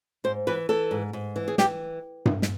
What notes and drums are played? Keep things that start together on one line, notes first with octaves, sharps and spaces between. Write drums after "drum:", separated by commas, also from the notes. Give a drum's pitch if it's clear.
G#2 C5
E3 B4
E3 A4
G#2
G#2
E3
G#4
E3 G4, drum: snare
drum: tom G2
drum: snare